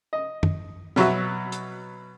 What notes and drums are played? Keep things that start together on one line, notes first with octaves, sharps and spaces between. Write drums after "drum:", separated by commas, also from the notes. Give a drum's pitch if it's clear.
D#5
drum: tom F#2
B2 F#3 F#4 E5, drum: snare
drum: hi-hat